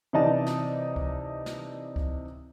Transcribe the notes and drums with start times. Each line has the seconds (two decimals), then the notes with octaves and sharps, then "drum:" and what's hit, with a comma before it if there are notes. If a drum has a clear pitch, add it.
0.13 C3 E3 D#4 D5 D#5 A5
0.46 drum: snare
0.96 drum: kick C#2
1.46 drum: snare
1.96 drum: kick C#2